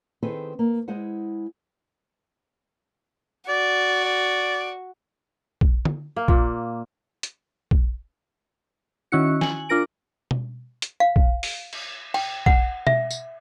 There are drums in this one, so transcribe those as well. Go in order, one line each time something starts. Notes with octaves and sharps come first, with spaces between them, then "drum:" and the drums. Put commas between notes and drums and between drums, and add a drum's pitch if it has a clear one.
D#3 C4 E4 G#4 A4 B4
A#3
G#3 E4 G#4 C5 F#5
F#4 D5
D5
drum: kick A#1
drum: tom
A#3
A#2, drum: kick A#1
drum: hi-hat
drum: kick A#1
D#3 C#4 E4 F#4 C#7
G#5 F#7, drum: snare
D4 F4 A#4 A#6 D7
drum: tom B2
drum: hi-hat
F5
drum: kick A#1
drum: open hi-hat
drum: cymbal
G5, drum: cymbal
F#5, drum: kick A#1
E5, drum: tom B2
drum: tambourine